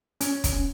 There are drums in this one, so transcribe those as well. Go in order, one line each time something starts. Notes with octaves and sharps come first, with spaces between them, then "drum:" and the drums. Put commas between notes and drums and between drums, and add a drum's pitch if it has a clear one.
C#4, drum: hi-hat
drum: kick, hi-hat